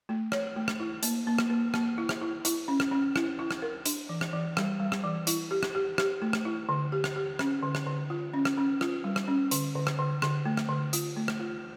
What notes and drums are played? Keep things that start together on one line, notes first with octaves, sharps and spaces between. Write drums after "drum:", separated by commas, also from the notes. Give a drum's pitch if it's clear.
A3
C#5, drum: rim click
A3
drum: rim click
E4
A#3, drum: hi-hat
A#3
drum: rim click
A#3
A#3, drum: rim click
E4
drum: rim click
E4
E4, drum: hi-hat
C#4
drum: rim click
C#4
E4, drum: rim click
E4
drum: rim click
A#4
D4, drum: hi-hat
E3
drum: rim click
E3
G3, drum: rim click
G3
drum: rim click
E3
E4, drum: hi-hat
G4
drum: rim click
G4
G4, drum: rim click
A3
drum: rim click
E4
D3
G4
drum: rim click
G4
C#4, drum: rim click
D3
drum: rim click
D3
F4
C#4
drum: rim click
C#4
F4, drum: rim click
G3
drum: rim click
C#4
D3, drum: hi-hat
D3
drum: rim click
D3
D3, drum: rim click
A3
drum: rim click
D3
F4, drum: hi-hat
A3
drum: rim click
F4